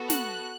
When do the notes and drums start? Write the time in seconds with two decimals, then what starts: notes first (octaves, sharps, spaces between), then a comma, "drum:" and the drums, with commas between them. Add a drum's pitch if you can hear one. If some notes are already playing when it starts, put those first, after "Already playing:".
Already playing: B3 F#4 A4
0.10 F#6, drum: snare